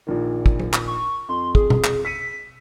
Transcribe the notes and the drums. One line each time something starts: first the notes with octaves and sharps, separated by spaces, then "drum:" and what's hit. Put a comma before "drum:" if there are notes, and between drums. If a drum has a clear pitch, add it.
A#1 A#2 D#3
drum: kick
drum: tom F#3
drum: clap
C#6
F2 C6
G#4, drum: kick
drum: tom B2
drum: clap
E6 B6 C#7 D#7